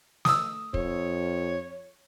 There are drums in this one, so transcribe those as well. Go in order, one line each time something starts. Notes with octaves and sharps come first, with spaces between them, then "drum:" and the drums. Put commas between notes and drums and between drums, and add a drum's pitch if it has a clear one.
D#6 E6, drum: snare
F2 C#5, drum: kick